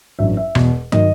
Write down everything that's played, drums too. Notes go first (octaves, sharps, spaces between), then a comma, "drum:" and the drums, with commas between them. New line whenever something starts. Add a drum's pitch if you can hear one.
A1 G2 F#3 E5
E5
E1 E2 B2, drum: rim click
D#3 F#3 D#5, drum: tom